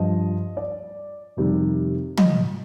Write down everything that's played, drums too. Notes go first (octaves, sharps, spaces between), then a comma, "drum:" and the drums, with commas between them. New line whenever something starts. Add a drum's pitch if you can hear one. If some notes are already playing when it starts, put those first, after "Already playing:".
Already playing: G2 F3 D#5
D5
F2 C3 D#3 G3
D#5, drum: tom